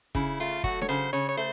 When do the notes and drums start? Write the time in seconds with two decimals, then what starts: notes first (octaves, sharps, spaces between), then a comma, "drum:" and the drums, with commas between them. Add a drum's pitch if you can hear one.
0.15 C#3 E4, drum: kick
0.40 A3 F4
0.64 F#3 F#4, drum: kick
0.81 C#5, drum: snare D4
0.89 C#3 C5
1.12 C#3 C#5
1.29 C#5
1.37 A3 C5